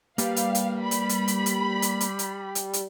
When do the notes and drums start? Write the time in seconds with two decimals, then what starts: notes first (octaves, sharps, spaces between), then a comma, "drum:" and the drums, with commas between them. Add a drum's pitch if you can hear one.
0.18 G3 A#3 B4 F5, drum: hi-hat
0.36 drum: hi-hat
0.55 drum: hi-hat
0.81 B5
0.91 drum: hi-hat
1.09 drum: hi-hat
1.28 drum: hi-hat
1.46 drum: hi-hat
1.82 drum: hi-hat
2.01 drum: hi-hat
2.19 drum: hi-hat
2.55 drum: hi-hat
2.73 drum: hi-hat